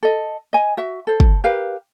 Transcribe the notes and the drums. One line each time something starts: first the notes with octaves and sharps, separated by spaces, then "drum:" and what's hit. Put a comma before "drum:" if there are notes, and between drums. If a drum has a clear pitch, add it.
A4 D#5
D#5 G#5
F#4 E5
A4 C5
drum: kick
G4 A#4 B4 F5